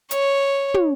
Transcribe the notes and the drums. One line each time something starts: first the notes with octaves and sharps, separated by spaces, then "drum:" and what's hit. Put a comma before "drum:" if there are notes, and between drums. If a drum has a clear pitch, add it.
C#5, drum: hi-hat
drum: tom